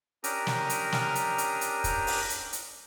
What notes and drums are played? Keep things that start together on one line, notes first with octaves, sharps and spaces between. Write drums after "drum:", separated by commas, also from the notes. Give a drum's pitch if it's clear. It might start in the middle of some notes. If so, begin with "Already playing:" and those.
C#4 D4 G4 A#4 A#5 D#6, drum: hi-hat
drum: snare
drum: hi-hat
drum: snare
drum: hi-hat
drum: hi-hat
drum: hi-hat
drum: kick, hi-hat
drum: open hi-hat
drum: hi-hat
drum: hi-hat